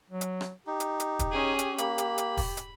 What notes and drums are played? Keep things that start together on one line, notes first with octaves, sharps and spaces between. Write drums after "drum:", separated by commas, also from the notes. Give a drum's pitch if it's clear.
F#3
drum: hi-hat
drum: rim click
D#4 G4
drum: hi-hat
drum: hi-hat
drum: kick, hi-hat
C#4 G#4
drum: hi-hat
A#3 B5, drum: hi-hat
drum: hi-hat
drum: hi-hat
drum: kick, open hi-hat
drum: hi-hat